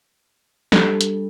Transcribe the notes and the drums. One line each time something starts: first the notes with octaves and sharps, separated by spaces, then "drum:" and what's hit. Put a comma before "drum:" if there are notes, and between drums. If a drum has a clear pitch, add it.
G3 D4 A4, drum: snare
drum: hi-hat